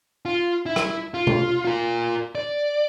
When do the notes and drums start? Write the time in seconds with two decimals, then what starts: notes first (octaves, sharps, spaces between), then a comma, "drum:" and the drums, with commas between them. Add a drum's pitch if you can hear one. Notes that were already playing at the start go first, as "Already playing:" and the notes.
0.25 F4
0.66 E4
0.76 drum: rim click
1.14 F4
1.27 drum: tom C3
1.65 F4 A#4
2.35 D5